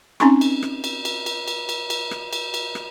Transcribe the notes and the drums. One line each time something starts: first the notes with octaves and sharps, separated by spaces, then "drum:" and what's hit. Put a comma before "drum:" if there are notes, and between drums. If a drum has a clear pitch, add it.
C4 C#4 D#4 G#5 C6 C#6, drum: rim click
drum: cymbal
drum: rim click
drum: cymbal
drum: cymbal
drum: cymbal
drum: cymbal
drum: cymbal
drum: cymbal
drum: rim click
drum: cymbal
drum: cymbal
drum: rim click